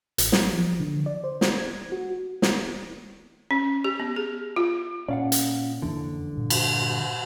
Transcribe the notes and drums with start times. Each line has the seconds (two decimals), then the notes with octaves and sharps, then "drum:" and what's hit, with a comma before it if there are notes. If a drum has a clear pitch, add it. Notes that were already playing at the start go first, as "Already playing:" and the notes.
0.18 A1, drum: hi-hat
0.32 F#3, drum: snare
0.53 F3
0.80 D3
1.06 D5
1.24 C5
1.41 drum: snare
1.58 G#6
1.92 F#4
2.42 drum: snare
3.51 C#4
3.84 G4
4.00 B3
4.16 G#4
4.56 F4
5.08 A#2 C#4 D5 F5 F#5
5.32 drum: hi-hat
5.82 F2 D3 E3 A#3
6.33 G2 A#2
6.50 drum: cymbal